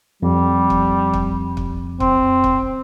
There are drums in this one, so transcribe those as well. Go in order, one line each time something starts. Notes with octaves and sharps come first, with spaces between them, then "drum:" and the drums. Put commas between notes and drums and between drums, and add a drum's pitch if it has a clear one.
F2 G3
drum: kick
drum: kick
drum: kick
C4, drum: kick
drum: kick